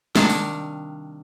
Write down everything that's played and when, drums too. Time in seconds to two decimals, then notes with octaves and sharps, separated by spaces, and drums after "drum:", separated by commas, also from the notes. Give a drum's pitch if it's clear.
0.16 C3 D#3 G3 D4 F5, drum: snare
0.29 drum: tambourine